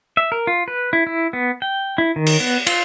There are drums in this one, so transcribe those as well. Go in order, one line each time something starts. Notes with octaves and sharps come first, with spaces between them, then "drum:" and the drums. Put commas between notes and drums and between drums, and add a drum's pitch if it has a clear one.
E5
A#4
F4
B4
E4
E4
B3
G5
E4
D#3
drum: cymbal
B3
F4, drum: cymbal